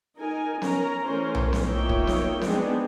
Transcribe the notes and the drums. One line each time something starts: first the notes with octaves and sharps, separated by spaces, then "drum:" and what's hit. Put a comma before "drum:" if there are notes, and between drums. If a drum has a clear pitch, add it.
D#4 A#4 G#5
C#4 A#4 A#5, drum: snare B3
E3 A3 C#4 A#4 C5
drum: tom B1
drum: snare B3
A#3 D#4 F4 C#5 E5 G5
drum: kick
drum: snare B3
G#3 B3 C4 D4 D#4 G#4, drum: snare B3